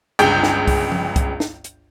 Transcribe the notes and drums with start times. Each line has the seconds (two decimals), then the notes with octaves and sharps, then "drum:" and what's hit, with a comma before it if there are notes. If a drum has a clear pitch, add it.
0.19 G1 C#2 G#4 G5 G6, drum: hi-hat
0.43 drum: snare
0.68 drum: kick C2, open hi-hat
0.92 drum: tom F3
1.16 drum: kick C2, hi-hat
1.40 drum: snare
1.64 drum: hi-hat